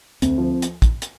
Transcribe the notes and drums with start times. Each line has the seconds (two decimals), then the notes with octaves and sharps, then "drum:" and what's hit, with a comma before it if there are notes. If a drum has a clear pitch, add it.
0.22 D2 C4, drum: hi-hat
0.38 F3
0.62 drum: hi-hat
0.82 drum: kick, hi-hat
1.02 drum: hi-hat